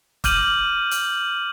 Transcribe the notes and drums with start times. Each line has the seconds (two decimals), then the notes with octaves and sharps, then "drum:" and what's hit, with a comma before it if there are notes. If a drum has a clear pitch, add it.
0.24 D6 F6 G6 D#7 F#7, drum: kick, hi-hat
0.91 drum: hi-hat